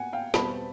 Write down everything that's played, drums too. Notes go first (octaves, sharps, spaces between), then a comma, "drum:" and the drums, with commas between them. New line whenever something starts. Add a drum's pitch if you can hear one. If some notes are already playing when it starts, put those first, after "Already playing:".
Already playing: F#5 G#5
F5 G5
E2 B2 G3 C4 A5 B5, drum: snare